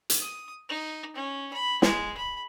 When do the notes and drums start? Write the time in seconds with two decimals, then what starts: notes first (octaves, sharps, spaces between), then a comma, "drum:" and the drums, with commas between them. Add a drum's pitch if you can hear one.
0.10 drum: hi-hat
0.20 D#6
0.69 D#4
1.16 C#4
1.53 B5
1.82 G#3, drum: snare
2.17 B5